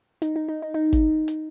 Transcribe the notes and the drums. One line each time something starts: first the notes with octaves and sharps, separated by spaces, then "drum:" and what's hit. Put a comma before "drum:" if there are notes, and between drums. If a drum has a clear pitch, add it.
D#4, drum: hi-hat
D#4
D#4
D#4
D#4
drum: kick, hi-hat
drum: hi-hat